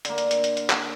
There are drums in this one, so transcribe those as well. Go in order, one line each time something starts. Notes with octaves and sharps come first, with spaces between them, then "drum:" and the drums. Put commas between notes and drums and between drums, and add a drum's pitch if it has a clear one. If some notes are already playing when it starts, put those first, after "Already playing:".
D3 A#3, drum: hi-hat
drum: hi-hat
drum: hi-hat
drum: hi-hat
drum: hi-hat
drum: clap